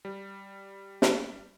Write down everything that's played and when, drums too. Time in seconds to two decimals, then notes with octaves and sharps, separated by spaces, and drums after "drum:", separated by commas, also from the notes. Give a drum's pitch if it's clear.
0.05 G3
1.02 drum: snare